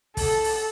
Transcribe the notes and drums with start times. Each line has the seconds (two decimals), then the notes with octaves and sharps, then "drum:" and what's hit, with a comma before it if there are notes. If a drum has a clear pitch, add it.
0.17 A4, drum: kick, open hi-hat
0.44 drum: open hi-hat